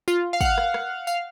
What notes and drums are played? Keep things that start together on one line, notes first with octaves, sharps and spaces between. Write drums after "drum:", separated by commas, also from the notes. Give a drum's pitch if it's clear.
F4, drum: tambourine
F5
F#5, drum: kick, tambourine
F5
drum: rim click
drum: rim click
F5, drum: tambourine